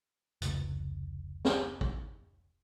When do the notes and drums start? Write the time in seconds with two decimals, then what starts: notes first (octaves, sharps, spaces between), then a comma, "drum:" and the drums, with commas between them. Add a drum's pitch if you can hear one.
0.42 F1 C#2, drum: hi-hat
1.45 drum: snare
1.81 drum: kick